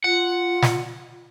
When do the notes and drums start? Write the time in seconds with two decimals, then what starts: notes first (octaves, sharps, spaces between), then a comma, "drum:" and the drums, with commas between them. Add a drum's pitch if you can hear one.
0.04 F4 F#5
0.63 drum: snare